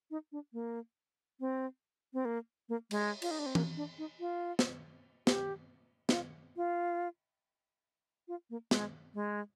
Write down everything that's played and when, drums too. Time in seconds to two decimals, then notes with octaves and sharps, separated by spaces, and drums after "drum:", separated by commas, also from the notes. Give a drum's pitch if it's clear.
0.11 D#4
0.32 D4
0.53 A#3
1.40 C4
2.14 C4
2.25 A#3
2.69 A#3
2.91 G#3, drum: cymbal
3.22 F4, drum: cymbal
3.31 D#4
3.39 D4
3.46 C4
3.55 A#3, drum: tom E3
3.77 D4
3.98 D#4
4.20 F4
4.59 drum: snare
5.27 G4, drum: snare
6.09 D#4, drum: snare
6.13 F4
6.57 F4
8.28 F4
8.50 A#3
8.71 G#3, drum: snare
9.14 G#3